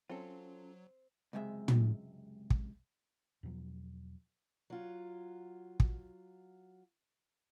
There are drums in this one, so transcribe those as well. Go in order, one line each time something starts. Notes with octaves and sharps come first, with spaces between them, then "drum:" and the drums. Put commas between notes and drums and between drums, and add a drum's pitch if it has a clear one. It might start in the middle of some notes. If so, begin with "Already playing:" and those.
F#3 C4 C#4 F4 A4
C#2 F#2 C3 G#3 E5
drum: tom
drum: kick
E2 B2 F3 F#3
F#3 F4
drum: kick